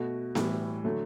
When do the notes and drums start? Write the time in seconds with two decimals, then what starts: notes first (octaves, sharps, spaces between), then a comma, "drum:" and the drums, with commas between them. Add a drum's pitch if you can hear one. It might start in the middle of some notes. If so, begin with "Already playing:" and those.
Already playing: B2 A3 F#4
0.35 A2 E3 G3, drum: snare B3
0.84 D3 F#3 A3